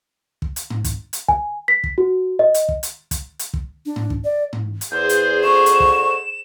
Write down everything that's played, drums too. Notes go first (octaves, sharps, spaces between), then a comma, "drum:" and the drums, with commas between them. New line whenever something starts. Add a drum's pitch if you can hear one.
drum: kick
drum: hi-hat
drum: tom G#2
drum: kick, hi-hat
drum: hi-hat
G#5, drum: kick
B6
drum: kick
F#4
D#5
drum: hi-hat
drum: kick
drum: hi-hat
drum: kick, hi-hat
drum: hi-hat
drum: kick
D4
drum: tom G#2
drum: kick
D5
drum: tom G#2
drum: hi-hat
E2 G#4 C5 G6
drum: hi-hat
F2 D3 C#6 E7
drum: hi-hat
drum: kick